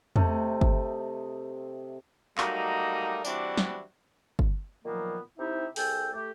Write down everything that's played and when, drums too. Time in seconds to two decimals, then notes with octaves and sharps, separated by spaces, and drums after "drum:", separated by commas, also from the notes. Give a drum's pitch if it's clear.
0.16 C3 A3 D#5, drum: tom E2
0.61 drum: kick G1
2.38 F#3 G3 A3 A#3 D#4, drum: clap
3.25 E3 G3 C4 D4 E4 F#4, drum: tambourine
3.57 drum: snare
4.39 drum: kick G1
4.84 A#2 D#3 F3 F#3 A#3 B3
5.38 C3 C4 D#4 E4 G4 E5
5.76 C2 G#4 A4 G5, drum: open hi-hat
6.14 A3 G4